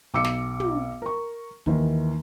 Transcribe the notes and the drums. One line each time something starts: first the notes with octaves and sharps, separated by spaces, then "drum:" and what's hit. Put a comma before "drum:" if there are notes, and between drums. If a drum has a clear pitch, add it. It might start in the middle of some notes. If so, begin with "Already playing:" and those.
B1 D6 E6 C#7
drum: snare
drum: tom
A#4 C#6
D#2 D#3 E3, drum: kick